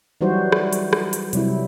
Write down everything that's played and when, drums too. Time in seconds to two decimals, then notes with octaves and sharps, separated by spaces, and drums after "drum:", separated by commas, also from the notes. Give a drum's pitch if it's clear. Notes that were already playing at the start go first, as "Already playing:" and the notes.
0.21 E3 F#3 G3 D#4 F#4 C5
0.52 drum: rim click
0.73 drum: hi-hat
0.93 drum: rim click
1.13 drum: hi-hat
1.33 C3 F#3 G3 E4, drum: hi-hat